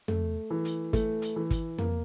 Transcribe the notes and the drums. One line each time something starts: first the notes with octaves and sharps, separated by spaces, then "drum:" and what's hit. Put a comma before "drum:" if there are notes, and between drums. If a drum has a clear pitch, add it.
A3, drum: tom
E3
drum: hi-hat
A3, drum: kick, hi-hat
drum: hi-hat
E3
drum: kick, hi-hat
A#3, drum: tom